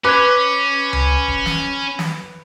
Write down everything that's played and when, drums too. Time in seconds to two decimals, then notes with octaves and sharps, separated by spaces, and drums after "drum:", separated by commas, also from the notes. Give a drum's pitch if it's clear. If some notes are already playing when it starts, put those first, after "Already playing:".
0.05 C#4 B4 D6 F#6 G#6
0.93 drum: tom C#2
1.28 drum: kick D1
1.46 drum: snare
1.99 drum: snare